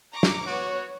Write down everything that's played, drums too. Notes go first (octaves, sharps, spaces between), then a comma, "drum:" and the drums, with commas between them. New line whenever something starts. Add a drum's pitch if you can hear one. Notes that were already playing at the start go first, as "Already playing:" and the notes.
A#5 C#6 D6
drum: snare
B3 F#4 C#5